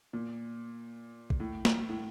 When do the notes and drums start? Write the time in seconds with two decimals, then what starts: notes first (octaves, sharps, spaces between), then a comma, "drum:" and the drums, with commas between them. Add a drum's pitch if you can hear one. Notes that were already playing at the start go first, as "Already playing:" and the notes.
0.13 A#2
1.30 drum: kick
1.40 A2
1.65 drum: snare
1.89 A2